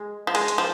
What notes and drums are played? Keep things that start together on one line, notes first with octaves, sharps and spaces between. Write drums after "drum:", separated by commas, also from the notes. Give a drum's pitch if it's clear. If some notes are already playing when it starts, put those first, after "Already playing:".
Already playing: G#3
F3
G#3, drum: cymbal
drum: hi-hat
F3